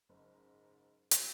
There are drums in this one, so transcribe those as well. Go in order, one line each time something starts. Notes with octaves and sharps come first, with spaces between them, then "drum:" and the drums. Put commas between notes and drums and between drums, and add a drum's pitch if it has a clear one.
F#1 G#2
drum: hi-hat